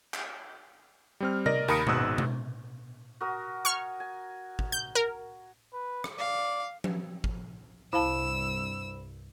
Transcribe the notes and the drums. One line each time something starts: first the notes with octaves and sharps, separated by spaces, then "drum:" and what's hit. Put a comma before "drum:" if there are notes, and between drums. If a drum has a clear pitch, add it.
drum: clap
G3 C4 F6
A#4 D5 D#5 A#6, drum: tom C3
D#2 A#4 B5 D#6 C#7 D7, drum: tambourine
G#1 G#2 B2 D#6 E6 F#6, drum: tom B2
drum: tom B2
F#4 A#4 D#6
G#5 C#6 F6
G#5
drum: kick G#1
G6
A#4
B4
drum: rim click
D5 F5
drum: tom F3
drum: kick G#1
C2 G2 E4 C5 F5 A5 B5 E6